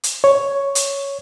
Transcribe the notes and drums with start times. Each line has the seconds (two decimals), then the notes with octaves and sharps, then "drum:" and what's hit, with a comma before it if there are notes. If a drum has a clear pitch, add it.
0.04 drum: hi-hat
0.24 C#5
0.75 drum: hi-hat